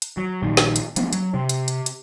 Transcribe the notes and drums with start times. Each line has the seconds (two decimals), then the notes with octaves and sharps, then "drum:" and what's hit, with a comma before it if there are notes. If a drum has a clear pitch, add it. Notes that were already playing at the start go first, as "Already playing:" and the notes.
0.02 drum: hi-hat
0.17 F#3
0.43 A#1 A#2 D#3
0.57 drum: snare
0.76 drum: hi-hat
0.96 F3 A#3 B3 C#4, drum: hi-hat
1.13 F#3, drum: hi-hat
1.34 C3
1.49 drum: hi-hat
1.68 drum: hi-hat
1.86 drum: hi-hat